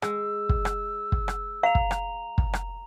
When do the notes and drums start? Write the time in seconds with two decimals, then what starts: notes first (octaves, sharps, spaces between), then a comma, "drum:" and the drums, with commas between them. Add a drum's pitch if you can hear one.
0.02 G#3 E6, drum: rim click
0.49 drum: kick
0.65 drum: rim click
1.12 drum: kick
1.28 drum: rim click
1.63 F5 A#5 F7
1.75 drum: kick
1.91 drum: rim click
2.38 drum: kick
2.53 drum: rim click